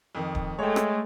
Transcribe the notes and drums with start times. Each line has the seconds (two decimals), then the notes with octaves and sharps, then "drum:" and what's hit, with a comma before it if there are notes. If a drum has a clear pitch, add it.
0.15 F2 D#3
0.35 drum: kick
0.59 G#3 A3 C#5 G5
0.76 drum: rim click